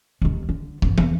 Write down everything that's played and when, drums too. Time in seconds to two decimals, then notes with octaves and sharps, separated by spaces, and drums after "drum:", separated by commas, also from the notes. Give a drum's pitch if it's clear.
0.22 D#2 G#3
0.49 D3
0.82 G1 E3, drum: kick
0.98 E2 A#3, drum: tom